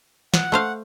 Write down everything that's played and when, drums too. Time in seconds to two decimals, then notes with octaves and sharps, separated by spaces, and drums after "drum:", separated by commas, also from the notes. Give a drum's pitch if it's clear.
0.34 F#5, drum: snare
0.52 A3 C5 F5